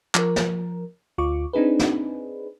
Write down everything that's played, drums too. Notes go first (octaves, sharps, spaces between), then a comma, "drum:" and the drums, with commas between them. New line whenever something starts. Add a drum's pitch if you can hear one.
F3 A#4, drum: clap
drum: snare
D2 F4 C#6 D6
C4 D4 D#4 G#4 B4
drum: snare